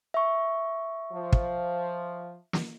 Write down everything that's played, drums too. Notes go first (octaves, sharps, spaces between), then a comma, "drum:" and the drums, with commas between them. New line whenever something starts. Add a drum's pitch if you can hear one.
E5 C#6
F3
drum: kick
drum: snare